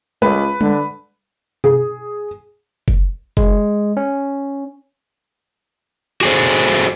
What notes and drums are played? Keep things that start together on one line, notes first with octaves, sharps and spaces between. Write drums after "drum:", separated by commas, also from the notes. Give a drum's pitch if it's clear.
C#2 B4, drum: tom G3
D3, drum: tom G3
G#4, drum: tom B2
drum: kick F#1
G#3, drum: kick F#1
C#4
F#4 G#4 A4 C5